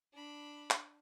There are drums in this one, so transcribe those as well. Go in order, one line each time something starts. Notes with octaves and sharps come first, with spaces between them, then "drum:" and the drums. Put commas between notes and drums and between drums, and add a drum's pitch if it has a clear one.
D4 B5
drum: clap